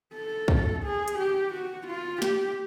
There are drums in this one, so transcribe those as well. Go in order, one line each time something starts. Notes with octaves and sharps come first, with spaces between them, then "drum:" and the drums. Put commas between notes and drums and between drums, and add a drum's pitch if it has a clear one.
A4
drum: kick
G#4
drum: hi-hat
G4
F#4
F4
G4, drum: snare